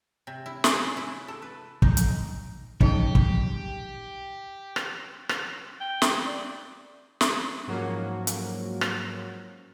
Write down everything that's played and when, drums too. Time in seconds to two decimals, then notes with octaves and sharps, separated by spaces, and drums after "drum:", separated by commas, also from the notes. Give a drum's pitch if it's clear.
0.27 C3
0.46 E4
0.64 G#4, drum: snare
0.97 E4
1.28 A4
1.42 B4
1.82 D#4, drum: kick
1.97 drum: hi-hat
2.81 C#4 D#4 G4 G#4 D#5 A5 C#7, drum: kick
3.15 drum: kick
4.76 drum: rim click
5.29 drum: rim click
5.81 G5
6.02 drum: snare
6.26 D5
7.21 drum: snare
7.68 G#2 F3 F#3 A#3 C#4 F#4
8.27 drum: hi-hat
8.81 drum: rim click